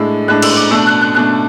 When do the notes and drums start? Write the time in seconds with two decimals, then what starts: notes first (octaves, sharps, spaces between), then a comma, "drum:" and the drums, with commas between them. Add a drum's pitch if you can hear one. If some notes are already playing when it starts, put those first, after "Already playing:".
Already playing: A2 G#3 D4 E6
0.28 A2 G#3 D4 F#6
0.42 E6, drum: cymbal
0.56 D6
0.71 B2 A3 D4 E6
0.87 F#6
1.01 F#6
1.15 B2 A3 D4 F#6